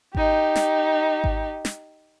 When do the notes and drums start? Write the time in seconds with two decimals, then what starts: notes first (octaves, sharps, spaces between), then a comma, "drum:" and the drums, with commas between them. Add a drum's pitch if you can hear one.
0.15 D#4 G4, drum: kick G#1
0.56 drum: snare
1.24 drum: kick G#1
1.65 drum: snare